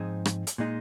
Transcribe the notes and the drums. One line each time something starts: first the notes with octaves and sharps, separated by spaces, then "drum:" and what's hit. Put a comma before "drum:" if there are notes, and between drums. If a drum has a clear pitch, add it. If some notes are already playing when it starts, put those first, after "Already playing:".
Already playing: G#2 F3 C4 D#4 G#4
drum: rim click
drum: hi-hat
A#2 G#3 D#4